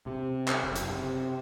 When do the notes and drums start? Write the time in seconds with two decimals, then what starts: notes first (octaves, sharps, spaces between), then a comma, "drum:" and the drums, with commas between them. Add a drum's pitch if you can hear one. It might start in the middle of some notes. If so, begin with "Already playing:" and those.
0.06 C3
0.48 drum: clap
0.64 F#1
0.76 drum: hi-hat
0.89 C3